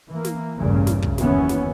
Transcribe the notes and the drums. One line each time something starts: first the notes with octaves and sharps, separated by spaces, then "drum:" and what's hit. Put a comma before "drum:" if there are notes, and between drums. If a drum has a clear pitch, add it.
E3 A#3
drum: snare
A1 E2 G2 A#2 C#3
drum: snare
drum: kick
F#1 D#2 E3 B3 C#4, drum: snare
drum: snare